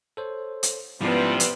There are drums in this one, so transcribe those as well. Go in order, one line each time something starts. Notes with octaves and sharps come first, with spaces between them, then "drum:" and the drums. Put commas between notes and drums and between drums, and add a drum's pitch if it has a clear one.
A4 C5 C#5
drum: hi-hat
G#2 C3 F3 G3 B3 C#4 E4
drum: hi-hat